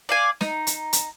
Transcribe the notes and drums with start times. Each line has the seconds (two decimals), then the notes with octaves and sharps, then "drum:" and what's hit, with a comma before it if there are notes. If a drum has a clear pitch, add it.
0.09 D5 F5 G#5
0.41 D#4, drum: snare
0.67 drum: hi-hat
0.93 drum: hi-hat